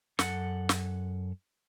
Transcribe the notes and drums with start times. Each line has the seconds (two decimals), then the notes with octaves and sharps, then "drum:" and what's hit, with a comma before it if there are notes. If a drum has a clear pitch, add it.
0.19 F#2 A4 F#5, drum: snare
0.69 drum: snare